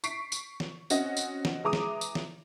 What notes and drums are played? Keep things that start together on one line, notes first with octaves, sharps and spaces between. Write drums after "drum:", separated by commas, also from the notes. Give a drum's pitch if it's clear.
C#6 B6 C7 D7, drum: tambourine
drum: tambourine
drum: snare
C4 C#4 F#4 D#5, drum: tambourine
drum: tambourine
drum: snare
E3 G#3 A#5 D6 D#6
drum: snare
drum: tambourine
drum: snare